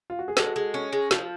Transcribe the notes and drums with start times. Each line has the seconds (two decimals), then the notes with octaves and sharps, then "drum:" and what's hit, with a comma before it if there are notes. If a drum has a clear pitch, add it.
0.10 F4
0.19 F#4
0.28 G#4
0.37 G#3 F#4 A4, drum: snare
0.56 G#3
0.74 C#4
0.93 G#3
1.11 F3, drum: snare